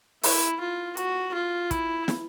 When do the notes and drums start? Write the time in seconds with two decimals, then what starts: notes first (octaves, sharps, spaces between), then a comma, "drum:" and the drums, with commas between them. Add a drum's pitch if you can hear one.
0.23 E4, drum: open hi-hat
0.60 F4
0.97 F#4, drum: hi-hat
1.34 F4
1.71 E4, drum: kick, hi-hat
2.08 drum: snare